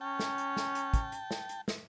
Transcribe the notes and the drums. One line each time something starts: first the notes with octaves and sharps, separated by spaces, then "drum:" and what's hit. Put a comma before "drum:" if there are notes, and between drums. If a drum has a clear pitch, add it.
C#4 G5 A5
drum: snare
drum: hi-hat
drum: snare
drum: hi-hat
drum: kick, hi-hat
drum: hi-hat
drum: snare
drum: hi-hat
drum: snare